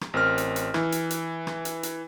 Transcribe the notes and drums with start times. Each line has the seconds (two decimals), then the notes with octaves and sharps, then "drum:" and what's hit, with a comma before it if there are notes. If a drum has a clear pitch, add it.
0.01 drum: rim click
0.14 A1 C4 A#4 F6
0.38 drum: hi-hat
0.56 drum: hi-hat
0.74 E3, drum: rim click
0.92 drum: hi-hat
1.10 drum: hi-hat
1.47 drum: rim click
1.65 drum: hi-hat
1.83 drum: hi-hat